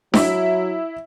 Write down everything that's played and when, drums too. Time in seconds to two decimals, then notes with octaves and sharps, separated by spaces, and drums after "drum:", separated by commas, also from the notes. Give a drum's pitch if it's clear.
0.14 F#3 E4 E5, drum: snare D4